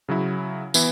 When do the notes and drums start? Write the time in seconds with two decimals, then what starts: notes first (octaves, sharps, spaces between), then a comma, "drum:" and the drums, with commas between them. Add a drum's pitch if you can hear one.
0.09 C#3 F#3 E4
0.74 E3 B3 E4, drum: tambourine